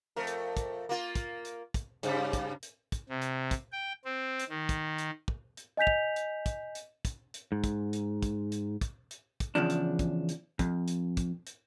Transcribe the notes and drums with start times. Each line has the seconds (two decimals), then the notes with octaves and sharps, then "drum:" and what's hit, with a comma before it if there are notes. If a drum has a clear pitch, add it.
0.16 F2 A3 A#4
0.27 drum: hi-hat
0.57 drum: kick, hi-hat
0.89 A#3 F4
1.15 drum: kick, hi-hat
1.45 drum: hi-hat
1.74 drum: kick, hi-hat
2.03 G2 C#3 G3, drum: hi-hat
2.33 drum: kick, hi-hat
2.63 drum: hi-hat
2.92 drum: kick, hi-hat
3.09 C3
3.22 drum: hi-hat
3.51 drum: kick, hi-hat
3.72 G5
4.05 C4
4.40 drum: hi-hat
4.49 D#3
4.69 drum: kick, hi-hat
4.98 drum: hi-hat
5.28 drum: kick
5.57 drum: hi-hat
5.77 D#5 G#5 G6 B6 F7
5.87 drum: kick
6.16 drum: hi-hat
6.46 drum: kick, hi-hat
6.75 drum: hi-hat
7.05 drum: kick, hi-hat
7.34 drum: hi-hat
7.52 G#2
7.64 drum: kick, hi-hat
7.93 drum: hi-hat
8.23 drum: kick, hi-hat
8.52 drum: hi-hat
8.81 drum: kick, hi-hat
9.11 drum: hi-hat
9.40 drum: kick, hi-hat
9.55 E2 C#3 F3 D4
9.70 drum: hi-hat
9.99 drum: kick, hi-hat
10.29 drum: hi-hat
10.59 F2, drum: kick, hi-hat
10.88 drum: hi-hat
11.17 drum: kick, hi-hat
11.47 drum: hi-hat